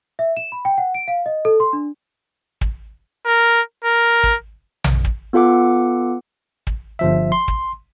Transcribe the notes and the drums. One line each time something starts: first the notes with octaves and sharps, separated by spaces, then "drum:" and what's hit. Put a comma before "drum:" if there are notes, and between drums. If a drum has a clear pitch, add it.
E5
E7
B5
G5
F#5
D7
F5
D#5
A4
C6
D4
drum: kick
A#4
A#4
drum: kick
drum: tom A#1
drum: kick
B3 F4 A4 F#5 D6
drum: kick
G1 F3 E5
C6
drum: kick